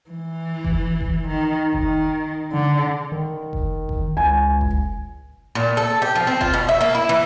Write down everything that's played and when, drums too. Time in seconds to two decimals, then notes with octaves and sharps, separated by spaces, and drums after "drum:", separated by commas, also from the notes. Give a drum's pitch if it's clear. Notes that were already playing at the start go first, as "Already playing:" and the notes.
0.10 E3
0.64 drum: kick F1
1.01 drum: kick F1
1.28 D#3
1.73 D#3, drum: kick F1
2.53 D3
3.12 D#3
3.53 drum: kick F1
3.89 drum: kick F1
4.17 C#2 G#5
4.61 drum: kick F1
5.55 A#2
5.77 A4
6.02 G4
6.16 F3
6.27 C4
6.41 F4, drum: kick F1
6.54 B2
6.69 E5
6.81 A#3
6.95 E4
7.09 E3